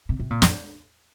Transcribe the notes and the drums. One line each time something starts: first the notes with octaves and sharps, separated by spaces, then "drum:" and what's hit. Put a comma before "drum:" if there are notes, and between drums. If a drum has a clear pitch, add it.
C3
C3
A#2
F2, drum: snare